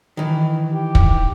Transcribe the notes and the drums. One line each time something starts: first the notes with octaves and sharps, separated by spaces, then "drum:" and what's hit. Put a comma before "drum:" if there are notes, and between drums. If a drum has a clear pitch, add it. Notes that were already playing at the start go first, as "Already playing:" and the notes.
D#3 E3
G4
drum: kick